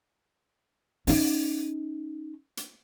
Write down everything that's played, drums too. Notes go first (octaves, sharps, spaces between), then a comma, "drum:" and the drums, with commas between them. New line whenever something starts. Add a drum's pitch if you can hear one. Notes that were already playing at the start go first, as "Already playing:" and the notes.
C#4 D#4, drum: open hi-hat
drum: hi-hat